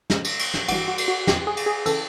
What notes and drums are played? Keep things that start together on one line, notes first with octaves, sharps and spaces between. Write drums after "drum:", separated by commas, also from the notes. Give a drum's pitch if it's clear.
F#2 C#3 F3 G#3, drum: snare
drum: cymbal
drum: cymbal
drum: snare
G#1 G2 E3 G3 F#4, drum: cymbal
F#4
drum: cymbal
F#4
E2 C#3 F3 G4, drum: snare
G#4
drum: cymbal
G#4
C#3 E3 A4, drum: cymbal